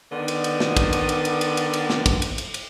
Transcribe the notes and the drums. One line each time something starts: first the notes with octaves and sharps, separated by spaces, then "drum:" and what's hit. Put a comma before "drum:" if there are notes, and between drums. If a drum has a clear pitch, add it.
D3 D#3 B3
drum: cymbal
drum: cymbal
drum: snare
drum: kick, cymbal
drum: cymbal
drum: cymbal
drum: cymbal
drum: cymbal
drum: cymbal
drum: cymbal
drum: snare
drum: kick, cymbal
drum: cymbal
drum: cymbal
drum: cymbal